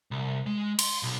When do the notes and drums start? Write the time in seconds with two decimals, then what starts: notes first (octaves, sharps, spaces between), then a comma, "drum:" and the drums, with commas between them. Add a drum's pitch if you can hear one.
0.11 C2
0.46 G#3
0.79 C6, drum: cymbal
1.03 B1